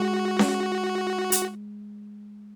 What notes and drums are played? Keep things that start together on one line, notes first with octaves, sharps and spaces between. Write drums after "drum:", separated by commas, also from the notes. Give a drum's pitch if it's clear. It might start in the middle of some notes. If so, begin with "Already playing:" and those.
Already playing: G#3 F#4
drum: snare C#4
drum: hi-hat